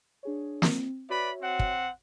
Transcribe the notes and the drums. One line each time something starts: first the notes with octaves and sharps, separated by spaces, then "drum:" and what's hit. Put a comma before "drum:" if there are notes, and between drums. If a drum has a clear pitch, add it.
D4 G#4 C#5
C4, drum: snare
F#4 B4 C#5 D5 E5 B5
C4 F#5
drum: kick